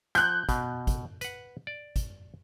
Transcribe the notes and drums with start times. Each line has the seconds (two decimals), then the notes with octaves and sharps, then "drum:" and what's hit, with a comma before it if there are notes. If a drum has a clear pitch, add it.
0.15 F3 F#6 G6, drum: hi-hat
0.49 B2, drum: kick, hi-hat
0.87 drum: kick, hi-hat
1.21 B4 F#5, drum: hi-hat
1.67 D5
1.96 drum: kick, hi-hat